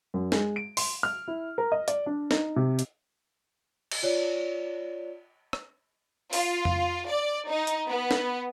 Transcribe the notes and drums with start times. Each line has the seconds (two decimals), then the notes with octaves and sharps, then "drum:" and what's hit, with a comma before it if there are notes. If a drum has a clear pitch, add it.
0.14 F#2
0.32 G#3, drum: snare
0.56 D7
0.77 C6, drum: open hi-hat
1.03 F6
1.28 E4
1.58 A#4
1.72 D#5
1.88 D5, drum: hi-hat
2.06 D4
2.31 D#4, drum: snare
2.56 C3
2.79 drum: hi-hat
3.92 drum: cymbal
4.03 F4 C#5 D5
5.53 drum: rim click
6.33 F4, drum: open hi-hat
6.65 drum: tom F2
7.07 D5
7.50 D#4
7.67 drum: hi-hat
7.89 B3
8.11 drum: snare